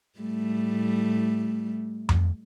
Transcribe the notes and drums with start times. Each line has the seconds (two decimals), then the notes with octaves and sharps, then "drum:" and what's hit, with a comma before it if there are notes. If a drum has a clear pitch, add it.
0.19 A2 G3 A3
2.09 drum: tom F2